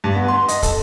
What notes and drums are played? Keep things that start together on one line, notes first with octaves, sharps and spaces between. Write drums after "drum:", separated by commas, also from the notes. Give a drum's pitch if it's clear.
G2
B3
C6
D#5, drum: hi-hat
A4, drum: kick, hi-hat